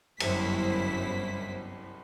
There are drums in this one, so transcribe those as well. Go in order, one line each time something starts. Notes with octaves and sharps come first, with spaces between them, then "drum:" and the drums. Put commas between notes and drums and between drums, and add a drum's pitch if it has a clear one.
G1 C2 F#2 E4 C5 B6, drum: cymbal